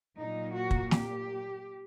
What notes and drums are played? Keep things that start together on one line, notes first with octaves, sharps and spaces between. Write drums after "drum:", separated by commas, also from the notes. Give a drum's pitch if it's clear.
A#2 F#3 A#3 D#4
F#4
drum: kick
G4, drum: snare